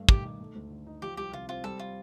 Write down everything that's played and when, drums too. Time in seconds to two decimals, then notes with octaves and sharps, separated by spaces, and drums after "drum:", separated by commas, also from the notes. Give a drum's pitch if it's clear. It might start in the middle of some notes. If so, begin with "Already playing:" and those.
Already playing: G2 A3
0.09 D#3 G4, drum: kick
0.24 D#4
0.40 A3
0.55 D2
0.71 D3
0.87 D#4
1.02 F3 G4
1.17 C2 G4
1.33 C3 F4
1.49 C4 F4
1.64 G3 A4
1.79 F4